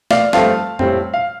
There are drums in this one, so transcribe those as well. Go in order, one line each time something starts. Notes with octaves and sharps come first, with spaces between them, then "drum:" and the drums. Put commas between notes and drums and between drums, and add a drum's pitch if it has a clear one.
D5 F5, drum: snare
G2 F3 A3 C4 F5 A5, drum: snare
A2 G3 C4, drum: tom F2
F5